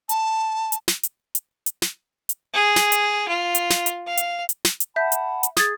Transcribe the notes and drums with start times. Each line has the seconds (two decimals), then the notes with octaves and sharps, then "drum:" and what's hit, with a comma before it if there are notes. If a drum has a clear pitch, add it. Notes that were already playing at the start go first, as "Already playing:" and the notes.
0.09 A5, drum: hi-hat
0.72 drum: hi-hat
0.88 drum: snare
1.03 drum: hi-hat
1.35 drum: hi-hat
1.66 drum: hi-hat
1.82 drum: snare
2.29 drum: hi-hat
2.54 G#4
2.76 drum: snare
2.92 drum: hi-hat
3.28 F4
3.55 drum: hi-hat
3.70 drum: snare
3.86 drum: hi-hat
4.07 F5
4.17 drum: hi-hat
4.49 drum: hi-hat
4.65 drum: snare
4.80 drum: hi-hat
4.96 E5 F#5 A5 B5 G6 B6
5.12 drum: hi-hat
5.43 drum: hi-hat
5.57 G#4 D#6 G#6 A6, drum: snare